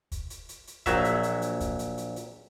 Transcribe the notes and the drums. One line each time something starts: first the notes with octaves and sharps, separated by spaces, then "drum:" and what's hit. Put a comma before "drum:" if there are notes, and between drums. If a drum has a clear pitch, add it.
drum: kick, hi-hat
drum: hi-hat
drum: hi-hat
drum: hi-hat
A#1 F#3 E5, drum: kick, hi-hat
drum: hi-hat
drum: hi-hat
drum: hi-hat
drum: kick, hi-hat
drum: hi-hat
drum: hi-hat
drum: hi-hat